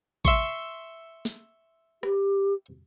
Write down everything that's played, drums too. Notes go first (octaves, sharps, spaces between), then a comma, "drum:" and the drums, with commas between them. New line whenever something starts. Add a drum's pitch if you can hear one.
E5 C6 C#6, drum: kick G#1
drum: snare
G4, drum: rim click